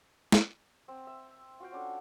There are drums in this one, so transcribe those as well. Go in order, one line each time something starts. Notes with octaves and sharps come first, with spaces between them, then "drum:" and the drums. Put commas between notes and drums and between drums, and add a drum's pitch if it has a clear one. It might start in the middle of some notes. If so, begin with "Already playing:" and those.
drum: snare
C4
E5
F4 F#4 F5 G5
C#4 D4 A4